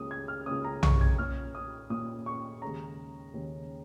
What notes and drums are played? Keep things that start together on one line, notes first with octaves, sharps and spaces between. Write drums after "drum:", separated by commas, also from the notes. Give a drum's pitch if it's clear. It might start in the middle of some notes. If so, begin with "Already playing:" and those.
Already playing: C#2 C#3 A#3 C#4 D#6
G#6
F6
C#2 C#3 A#3 C#4 D#6
A#5
C#6, drum: tom B1
G#6
A#2 A#3 C#4 F6
D#6
A#2 A#3 C#4 D#6
C#6
D#2 C#3 G#3 C#4 A#5
D#2 C#3 G#3 C#4